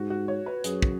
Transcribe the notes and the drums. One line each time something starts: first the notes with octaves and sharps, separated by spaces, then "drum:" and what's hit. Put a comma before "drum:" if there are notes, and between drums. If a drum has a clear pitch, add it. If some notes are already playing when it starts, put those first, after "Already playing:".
Already playing: G#2 F#4
F#4
C#5
B4
F#2 G#4, drum: hi-hat
drum: kick